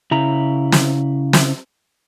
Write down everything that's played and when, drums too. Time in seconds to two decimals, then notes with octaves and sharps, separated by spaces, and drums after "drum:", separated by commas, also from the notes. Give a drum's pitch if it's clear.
0.11 C#3 E4 A#5
0.72 drum: snare
1.33 drum: snare